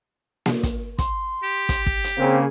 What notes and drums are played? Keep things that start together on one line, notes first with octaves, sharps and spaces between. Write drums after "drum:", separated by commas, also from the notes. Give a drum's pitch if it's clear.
drum: snare A#3
drum: kick, hi-hat
C6, drum: kick, hi-hat
G4
drum: kick, hi-hat
drum: kick
drum: hi-hat
C#3 A#3 C4 G#4